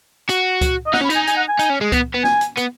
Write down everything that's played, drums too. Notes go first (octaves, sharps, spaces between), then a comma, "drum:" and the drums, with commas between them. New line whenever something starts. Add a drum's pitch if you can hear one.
F#4, drum: hi-hat
drum: kick C#2, hi-hat
D#5
D#4 F#5, drum: snare
C#4 B5
D#4, drum: hi-hat
G#5
G#5, drum: hi-hat
F#5
G#5
D#4, drum: hi-hat
C#4
G#3
B3, drum: kick C#2, hi-hat
B3
G#5, drum: snare
drum: hi-hat
B3, drum: hi-hat